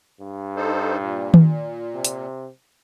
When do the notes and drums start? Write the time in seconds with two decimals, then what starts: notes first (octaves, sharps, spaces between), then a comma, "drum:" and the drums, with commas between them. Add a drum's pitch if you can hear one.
0.20 G2
0.56 D#4 A4 C5
0.98 A#2
1.34 drum: tom D#3
1.95 C3
2.05 drum: hi-hat